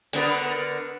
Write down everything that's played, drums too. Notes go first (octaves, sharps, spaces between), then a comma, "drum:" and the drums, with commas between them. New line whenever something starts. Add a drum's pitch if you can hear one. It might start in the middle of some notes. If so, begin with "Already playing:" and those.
D3 B3 A#4, drum: hi-hat